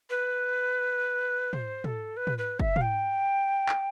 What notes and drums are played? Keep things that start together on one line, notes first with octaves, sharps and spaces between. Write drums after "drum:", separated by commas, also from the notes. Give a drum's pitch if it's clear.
B4
C5, drum: tom
A4, drum: tom
B4
drum: tom
B4
E5, drum: kick
F5, drum: tom
G5
drum: clap